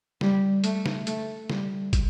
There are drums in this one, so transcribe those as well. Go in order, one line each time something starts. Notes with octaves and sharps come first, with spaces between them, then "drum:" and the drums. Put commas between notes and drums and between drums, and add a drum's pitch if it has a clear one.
G3, drum: snare
A3, drum: hi-hat
drum: snare
A3, drum: hi-hat
G3, drum: snare
drum: kick, hi-hat